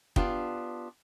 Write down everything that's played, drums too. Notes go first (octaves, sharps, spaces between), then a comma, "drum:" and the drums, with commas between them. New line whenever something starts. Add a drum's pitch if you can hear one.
B3 D4 F4 G4, drum: kick